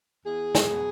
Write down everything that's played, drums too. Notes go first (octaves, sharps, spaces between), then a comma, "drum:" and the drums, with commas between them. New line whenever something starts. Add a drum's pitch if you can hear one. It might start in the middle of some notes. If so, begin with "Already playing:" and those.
E2 G#4
drum: snare
B2
F#3